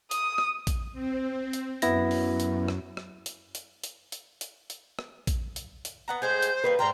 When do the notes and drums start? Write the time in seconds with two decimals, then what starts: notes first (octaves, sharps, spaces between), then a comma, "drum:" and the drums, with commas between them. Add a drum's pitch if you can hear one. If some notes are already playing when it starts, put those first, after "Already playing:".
0.11 D#6, drum: hi-hat
0.38 drum: rim click
0.67 drum: kick A#1, hi-hat
0.92 C4
1.53 drum: hi-hat
1.82 F#2 B3 E4 A#6, drum: hi-hat
2.11 drum: open hi-hat
2.40 drum: hi-hat
2.68 drum: rim click
2.97 drum: rim click
3.26 drum: hi-hat
3.55 drum: hi-hat
3.84 drum: hi-hat
4.12 drum: hi-hat
4.41 drum: hi-hat
4.70 drum: hi-hat
4.99 drum: rim click
5.27 drum: kick A#1, hi-hat
5.56 drum: hi-hat
5.85 drum: hi-hat
6.08 B3 F#5 A#5
6.22 A2 G#3 G#4 C5 G6
6.42 drum: hi-hat
6.64 D#3 G3 A#3 B4 C7
6.79 D#2 G#2 D4 A#4 G5 A#5 C6